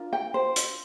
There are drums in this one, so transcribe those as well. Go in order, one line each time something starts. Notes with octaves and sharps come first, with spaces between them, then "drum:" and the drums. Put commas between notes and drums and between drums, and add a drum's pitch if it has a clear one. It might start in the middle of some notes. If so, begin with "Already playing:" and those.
Already playing: D4 F4 A#4
G5
C5
drum: hi-hat